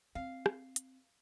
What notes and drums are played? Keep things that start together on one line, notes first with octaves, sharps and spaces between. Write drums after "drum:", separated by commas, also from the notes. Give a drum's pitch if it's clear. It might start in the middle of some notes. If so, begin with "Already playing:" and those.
C4 F5
drum: rim click
drum: hi-hat